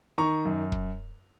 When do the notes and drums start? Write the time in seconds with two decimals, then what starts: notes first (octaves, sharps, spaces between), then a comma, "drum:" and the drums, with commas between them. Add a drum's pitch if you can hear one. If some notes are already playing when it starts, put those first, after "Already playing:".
0.18 D#3 A#5 C#6
0.45 F#2
0.72 drum: kick